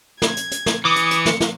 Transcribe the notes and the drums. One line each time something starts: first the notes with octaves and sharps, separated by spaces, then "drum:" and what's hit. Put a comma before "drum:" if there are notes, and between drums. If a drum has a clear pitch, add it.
G#6, drum: snare
drum: hi-hat
drum: hi-hat
drum: snare
E3 D6 D#6 C#7
drum: hi-hat
drum: hi-hat
drum: snare
drum: snare